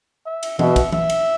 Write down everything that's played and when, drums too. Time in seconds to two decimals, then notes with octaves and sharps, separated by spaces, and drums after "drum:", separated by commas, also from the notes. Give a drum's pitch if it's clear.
0.26 E5
0.43 drum: cymbal
0.59 B2 E5, drum: tom E3
0.76 drum: kick, cymbal
0.92 E5, drum: tom E3
1.10 drum: cymbal